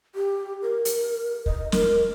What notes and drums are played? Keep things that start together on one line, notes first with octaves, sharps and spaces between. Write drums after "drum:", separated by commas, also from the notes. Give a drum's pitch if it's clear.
G4
A#4
drum: hi-hat
D#5, drum: kick
A#4, drum: snare